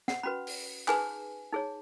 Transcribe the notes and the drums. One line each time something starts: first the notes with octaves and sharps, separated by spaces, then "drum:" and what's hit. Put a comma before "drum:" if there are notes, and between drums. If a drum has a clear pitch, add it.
F#5, drum: snare
C#4 F#4 B4 B5
drum: open hi-hat
D#4 G#4 B4 G#5, drum: clap
D#4 G#4 C#5